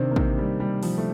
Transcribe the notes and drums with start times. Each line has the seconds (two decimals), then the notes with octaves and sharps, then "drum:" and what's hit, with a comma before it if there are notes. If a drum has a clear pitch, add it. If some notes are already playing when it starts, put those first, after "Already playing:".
Already playing: C3 D#3 C4 D4 D#4
0.11 A#3
0.16 C3 C4, drum: kick
0.38 G3
0.60 G3
0.83 F3, drum: open hi-hat
0.98 A3